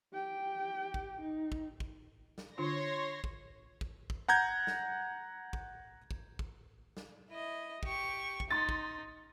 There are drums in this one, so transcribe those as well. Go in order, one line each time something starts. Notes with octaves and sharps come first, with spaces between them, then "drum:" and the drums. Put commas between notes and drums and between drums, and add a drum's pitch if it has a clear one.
G4 G5
drum: kick
D#4
drum: kick
drum: kick
drum: snare
D3 D4 F4 C#5 C6 A#6
drum: kick
drum: kick
drum: kick
F#5 A#5 G6 G#6
drum: snare
drum: kick
drum: kick
drum: kick
drum: snare
E4 D#5
G4 C#6, drum: kick
drum: kick
D#4 C6 A6
drum: kick